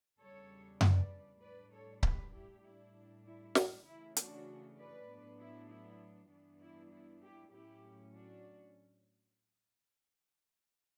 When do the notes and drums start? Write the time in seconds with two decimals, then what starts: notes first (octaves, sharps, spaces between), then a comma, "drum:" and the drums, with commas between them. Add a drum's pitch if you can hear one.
0.19 E2 C#3 G3 D4 A4 C#5
0.81 B4 D5, drum: tom F#2
1.42 A2 G3 D4 B4 D5
1.72 A4 C#5
2.03 G4 B4, drum: kick C#1
2.33 E4 G4
2.63 A2 G3 D4 E4
3.25 E4
3.55 D4, drum: snare
3.86 C#3 E3 A3 C#4 E4
4.17 D4 F#4, drum: hi-hat
4.77 B4 D5
5.07 A2 F#3 B3 D4
5.39 E4
5.69 E4
6.30 G2 E3 B3 D4
6.61 E4
6.91 E4
7.22 E4 G4
7.52 A2 F#3 C#4 E4 G4
8.13 D4 F#4